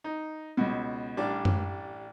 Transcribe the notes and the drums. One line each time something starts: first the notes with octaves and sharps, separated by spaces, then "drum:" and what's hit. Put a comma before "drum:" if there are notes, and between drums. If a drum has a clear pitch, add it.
D#4
C#2 B2
A1 G3 D4 D5 D6
drum: tom F#2